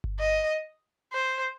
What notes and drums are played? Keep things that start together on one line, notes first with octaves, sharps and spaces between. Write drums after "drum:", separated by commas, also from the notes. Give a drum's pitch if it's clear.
drum: kick G1
D#5
C5